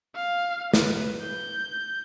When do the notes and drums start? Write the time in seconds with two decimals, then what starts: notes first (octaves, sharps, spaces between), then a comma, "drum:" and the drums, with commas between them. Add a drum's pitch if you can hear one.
0.15 F5
0.74 B4, drum: snare
1.22 G6